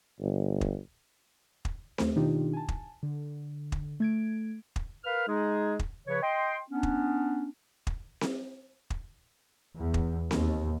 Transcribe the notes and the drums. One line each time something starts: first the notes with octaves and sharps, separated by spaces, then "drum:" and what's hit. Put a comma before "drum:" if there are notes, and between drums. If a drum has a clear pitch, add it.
G1
drum: kick
drum: kick
D#2 A3 C5, drum: snare C4
B2 D#3 D4 D#4 F4 G4
G#5 A5
drum: kick
D3
drum: kick
A3 G#6 D7
drum: kick
A#4 B4 F5 F6
G#3 D#4 G#4
drum: kick
C#3 F3 B4 C#5
D#5 G5 C6
B3 C#4 D4
drum: kick
drum: kick
drum: snare C4
drum: kick
E2
drum: kick
D#2, drum: snare C4